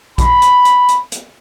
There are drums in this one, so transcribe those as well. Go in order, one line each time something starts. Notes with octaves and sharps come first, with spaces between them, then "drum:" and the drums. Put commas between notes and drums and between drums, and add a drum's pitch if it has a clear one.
B5, drum: kick A#1, hi-hat
drum: hi-hat
drum: hi-hat
drum: hi-hat
drum: hi-hat